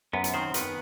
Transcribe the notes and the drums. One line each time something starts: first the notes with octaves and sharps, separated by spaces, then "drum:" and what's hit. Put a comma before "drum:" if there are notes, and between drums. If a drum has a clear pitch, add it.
F#2 B3 B4
drum: hi-hat
D#3 C4 C5
D#3 B3 B4, drum: hi-hat